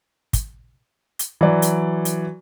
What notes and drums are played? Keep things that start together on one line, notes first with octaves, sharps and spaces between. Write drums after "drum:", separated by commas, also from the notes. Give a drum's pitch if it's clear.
drum: kick, hi-hat
drum: hi-hat
E3 F#3 D5
drum: hi-hat
drum: hi-hat